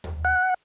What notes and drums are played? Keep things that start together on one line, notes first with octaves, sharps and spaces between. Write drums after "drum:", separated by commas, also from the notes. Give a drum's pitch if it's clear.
drum: tom D#2
F#5